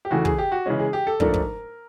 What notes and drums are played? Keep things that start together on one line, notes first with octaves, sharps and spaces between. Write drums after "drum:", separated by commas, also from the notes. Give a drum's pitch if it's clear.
G4
E2 C#3 E3 A3 F#4
G#4, drum: kick
G4
F#4
C#3 E3 G#3 C#4
G#4
G4
A4
G#2 F3 A3 D4 A#4, drum: kick
drum: kick